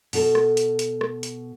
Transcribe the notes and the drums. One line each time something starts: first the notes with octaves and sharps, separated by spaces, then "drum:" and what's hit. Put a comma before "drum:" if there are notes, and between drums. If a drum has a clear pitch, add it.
B2 A4 A5, drum: open hi-hat
drum: rim click
drum: hi-hat
drum: hi-hat
drum: rim click
drum: hi-hat